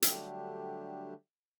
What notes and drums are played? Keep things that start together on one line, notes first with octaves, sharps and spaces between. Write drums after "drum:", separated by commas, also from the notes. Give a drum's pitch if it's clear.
D3 F#3 G3 A3 D4 G4, drum: hi-hat